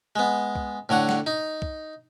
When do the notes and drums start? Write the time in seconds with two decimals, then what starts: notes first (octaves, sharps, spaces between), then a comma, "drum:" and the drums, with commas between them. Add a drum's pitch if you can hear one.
0.16 G#3 B3
0.55 drum: kick
0.89 A2 D3 C#5 F#5
1.09 drum: snare
1.26 D#4
1.62 drum: kick